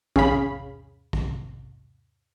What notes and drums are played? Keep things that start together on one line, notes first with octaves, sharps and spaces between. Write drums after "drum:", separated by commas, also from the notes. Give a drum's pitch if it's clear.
C#4 G#4 F5 B5, drum: kick
drum: kick